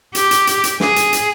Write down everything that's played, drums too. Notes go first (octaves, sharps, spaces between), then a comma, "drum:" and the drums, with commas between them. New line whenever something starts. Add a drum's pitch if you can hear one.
G4, drum: hi-hat
drum: hi-hat
drum: hi-hat
drum: hi-hat
G#4, drum: snare
drum: hi-hat
drum: hi-hat